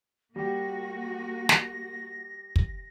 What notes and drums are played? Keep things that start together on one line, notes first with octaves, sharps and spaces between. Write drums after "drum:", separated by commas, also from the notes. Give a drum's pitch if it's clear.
G3 A#3 F#4 G4 A#6
drum: snare
drum: kick